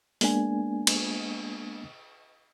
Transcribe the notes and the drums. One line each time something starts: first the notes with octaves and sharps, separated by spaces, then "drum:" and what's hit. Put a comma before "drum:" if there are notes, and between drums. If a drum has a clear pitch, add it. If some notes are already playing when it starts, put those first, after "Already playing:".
G#3 A#3 B3 D4 G#5, drum: open hi-hat
drum: cymbal